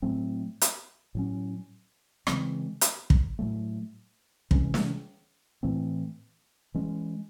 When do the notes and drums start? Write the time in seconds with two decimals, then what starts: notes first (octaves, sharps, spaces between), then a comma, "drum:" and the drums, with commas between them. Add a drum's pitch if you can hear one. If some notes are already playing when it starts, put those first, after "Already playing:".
0.02 A2 F#3 A3 C4
0.61 drum: hi-hat
1.15 A2 F#3 C#4
2.27 C#3 E3 G#3 C4, drum: rim click
2.81 drum: hi-hat
3.10 drum: kick
3.39 A2 F#3 A3
4.51 C3 E3 G#3 C#4, drum: kick
4.74 drum: snare
5.63 A2 E3 A3 C4
6.74 E3 G#3 C#4